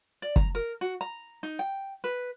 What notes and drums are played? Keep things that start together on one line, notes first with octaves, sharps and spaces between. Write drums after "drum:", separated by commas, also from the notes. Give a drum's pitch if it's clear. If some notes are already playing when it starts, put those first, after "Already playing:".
D5
A#5, drum: kick
A#4
F#4
A#5
D#4
G5
B4